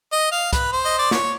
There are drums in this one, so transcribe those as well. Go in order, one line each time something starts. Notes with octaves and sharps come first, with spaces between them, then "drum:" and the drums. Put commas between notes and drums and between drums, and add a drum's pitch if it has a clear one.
D#5
F5
B4, drum: kick, hi-hat
C5
D#5
D5
C#5, drum: snare